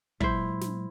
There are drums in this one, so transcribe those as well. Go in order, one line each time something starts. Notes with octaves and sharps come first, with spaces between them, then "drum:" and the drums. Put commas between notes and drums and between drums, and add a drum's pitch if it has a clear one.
A#2 F#3 G#3 E4 C5, drum: kick
drum: snare